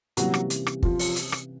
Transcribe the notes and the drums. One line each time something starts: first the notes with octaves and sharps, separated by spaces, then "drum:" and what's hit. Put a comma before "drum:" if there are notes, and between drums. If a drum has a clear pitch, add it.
C3 E3 F#3 G3 A#3 C#4 F#4, drum: hi-hat
drum: rim click
drum: hi-hat
drum: rim click
F3 F4, drum: kick
drum: open hi-hat
drum: hi-hat
drum: rim click